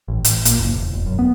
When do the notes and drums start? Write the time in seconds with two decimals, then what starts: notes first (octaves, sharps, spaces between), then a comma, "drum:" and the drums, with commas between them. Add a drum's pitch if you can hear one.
0.08 A1
0.25 A1, drum: hi-hat
0.45 A#2, drum: hi-hat
0.59 F#1
0.74 E1
0.93 E1
1.06 F#2
1.19 B3